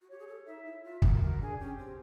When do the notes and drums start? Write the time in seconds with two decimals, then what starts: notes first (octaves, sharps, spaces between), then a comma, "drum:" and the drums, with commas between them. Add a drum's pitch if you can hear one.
0.02 F#4
0.09 G4 C#5
0.19 G#4
0.27 A4
0.46 D#4 E5
0.65 E4
0.83 F4 E5
1.02 F#4 A#4, drum: kick
1.15 F4
1.21 F#4 A#4
1.40 D4 G#4
1.59 C#4 G4
1.78 C4